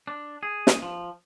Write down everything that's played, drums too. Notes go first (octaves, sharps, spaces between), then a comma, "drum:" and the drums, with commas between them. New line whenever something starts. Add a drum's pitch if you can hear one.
D4
G#4
drum: snare
F3